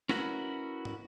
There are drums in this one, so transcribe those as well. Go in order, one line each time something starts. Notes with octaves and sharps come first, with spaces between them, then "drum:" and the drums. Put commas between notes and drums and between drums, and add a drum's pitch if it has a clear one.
C#4 E4 F#4 A#4 B4, drum: snare
drum: tom